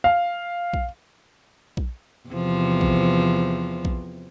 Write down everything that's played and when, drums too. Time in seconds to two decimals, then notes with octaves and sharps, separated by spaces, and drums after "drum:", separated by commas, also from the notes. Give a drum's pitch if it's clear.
0.04 F5
0.73 drum: kick A#1
1.77 drum: kick A#1
2.29 E2 C3 F3
2.81 drum: kick A#1
3.85 drum: kick A#1